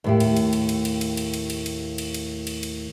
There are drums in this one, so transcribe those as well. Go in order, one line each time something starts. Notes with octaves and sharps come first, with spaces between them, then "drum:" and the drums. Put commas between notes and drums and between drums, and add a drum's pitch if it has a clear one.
D#2 A2 G4
drum: cymbal
drum: cymbal
drum: cymbal
drum: cymbal
drum: cymbal
drum: cymbal
drum: cymbal
drum: cymbal
drum: cymbal
drum: cymbal
drum: cymbal
drum: cymbal
drum: cymbal
drum: cymbal